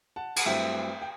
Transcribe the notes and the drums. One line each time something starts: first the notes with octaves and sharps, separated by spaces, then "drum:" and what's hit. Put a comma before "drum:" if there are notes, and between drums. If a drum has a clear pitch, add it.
F#5 A5
F#5, drum: cymbal
G2 F#3 A3 C4 E4 E5 G5
G5